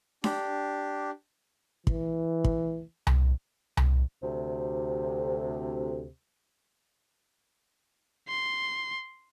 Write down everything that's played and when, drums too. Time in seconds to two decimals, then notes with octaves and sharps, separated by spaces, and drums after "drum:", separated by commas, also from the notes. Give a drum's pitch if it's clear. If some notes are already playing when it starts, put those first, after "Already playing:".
0.24 D4 G4, drum: snare D4
1.87 E3, drum: kick
2.44 drum: kick
3.07 drum: tom C2
3.77 drum: tom C2
4.22 D2 C3
8.28 C6